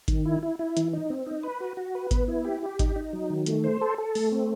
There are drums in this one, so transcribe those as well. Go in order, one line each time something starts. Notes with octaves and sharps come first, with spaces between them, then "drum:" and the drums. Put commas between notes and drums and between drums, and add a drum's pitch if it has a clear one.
D#3, drum: kick G#1, hi-hat
E4
E4
E4
E3, drum: hi-hat
D#4
C4
D#4
B4
F#4
F#4
B4
B3, drum: kick G#1, hi-hat
E4
G4
G4
D#4, drum: kick G#1, hi-hat
D#4
F#3
D#3
A3, drum: hi-hat
C5
A4
A4
A3, drum: open hi-hat
C4